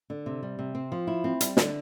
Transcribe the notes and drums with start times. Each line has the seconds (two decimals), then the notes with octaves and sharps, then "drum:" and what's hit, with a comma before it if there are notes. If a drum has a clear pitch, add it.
0.10 D3
0.26 C3
0.42 G3
0.59 C3
0.75 C4
0.92 F3
1.07 E4
1.24 C4
1.41 G3, drum: hi-hat
1.57 D3, drum: snare